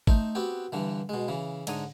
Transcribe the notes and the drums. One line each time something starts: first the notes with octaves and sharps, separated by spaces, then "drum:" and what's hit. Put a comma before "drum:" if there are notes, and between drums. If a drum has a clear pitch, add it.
A3 D#4 C5, drum: kick
B3 C4 F#4 G4
G2 D3 E3
B2 G#3
C#3 E3
G#2 D3 C#5 A#5 D#6, drum: cymbal